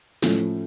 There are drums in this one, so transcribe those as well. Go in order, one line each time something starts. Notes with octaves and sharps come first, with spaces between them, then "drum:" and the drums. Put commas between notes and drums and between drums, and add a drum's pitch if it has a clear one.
A2 F3 A3 C#4, drum: snare